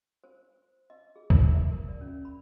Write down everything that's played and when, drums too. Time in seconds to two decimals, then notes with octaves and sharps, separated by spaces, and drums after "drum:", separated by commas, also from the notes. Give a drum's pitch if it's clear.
0.24 C5
0.90 D#5
1.16 G#4
1.30 E6, drum: kick
1.52 E5
1.71 A#4
1.89 D5
2.01 C#4
2.25 B5